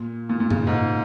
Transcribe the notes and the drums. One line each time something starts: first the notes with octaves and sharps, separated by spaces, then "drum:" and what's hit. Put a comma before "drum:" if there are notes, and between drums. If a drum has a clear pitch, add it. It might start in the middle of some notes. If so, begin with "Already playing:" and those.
Already playing: A#2
A#2
A#2
A#2 C#3, drum: tom G2
G#2